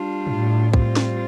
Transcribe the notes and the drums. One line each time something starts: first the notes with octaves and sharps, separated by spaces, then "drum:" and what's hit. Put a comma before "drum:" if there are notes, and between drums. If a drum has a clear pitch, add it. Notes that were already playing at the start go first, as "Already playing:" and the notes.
Already playing: G3 D4 F4
A2, drum: tom
G3 C4 F4, drum: kick
drum: snare